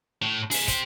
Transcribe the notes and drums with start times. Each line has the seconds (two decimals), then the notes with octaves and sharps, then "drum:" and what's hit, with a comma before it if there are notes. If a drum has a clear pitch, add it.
0.22 A2
0.51 G#4 E5, drum: open hi-hat
0.68 G4 C5, drum: kick, hi-hat